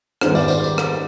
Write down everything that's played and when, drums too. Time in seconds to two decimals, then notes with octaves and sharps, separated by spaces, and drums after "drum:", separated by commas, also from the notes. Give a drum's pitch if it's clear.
0.21 G#2 D#3 G3 B3 C5, drum: rim click
0.35 D5, drum: tambourine
0.48 C5, drum: tambourine
0.64 drum: tambourine
0.78 drum: rim click